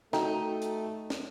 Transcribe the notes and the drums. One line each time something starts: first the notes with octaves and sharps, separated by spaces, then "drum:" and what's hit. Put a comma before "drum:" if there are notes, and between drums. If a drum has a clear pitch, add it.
A3 D#4 F#4 A4 G5, drum: snare
drum: hi-hat
drum: snare